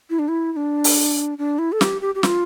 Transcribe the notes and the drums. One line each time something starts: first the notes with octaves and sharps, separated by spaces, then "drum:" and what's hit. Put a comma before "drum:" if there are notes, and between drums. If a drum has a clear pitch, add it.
E4
D4
E4
E4
D4
drum: open hi-hat
D4
E4
A4
G4, drum: snare
G4
G4
F4, drum: snare